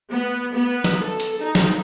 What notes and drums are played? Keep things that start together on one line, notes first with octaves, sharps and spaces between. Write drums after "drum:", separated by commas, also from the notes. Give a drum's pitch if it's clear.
B3
B3
drum: snare
A4
drum: hi-hat
D#4
drum: snare